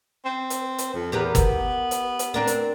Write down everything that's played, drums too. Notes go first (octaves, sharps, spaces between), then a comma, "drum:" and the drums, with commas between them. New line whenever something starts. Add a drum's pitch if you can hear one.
C4
drum: hi-hat
drum: hi-hat
F2
E2 G4 A#4 B4
B3, drum: kick, hi-hat
drum: hi-hat
drum: hi-hat
C4 D4 A#4
drum: hi-hat